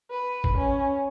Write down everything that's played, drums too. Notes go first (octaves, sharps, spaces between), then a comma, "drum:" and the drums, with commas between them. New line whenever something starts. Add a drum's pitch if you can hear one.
B4
drum: kick
C#4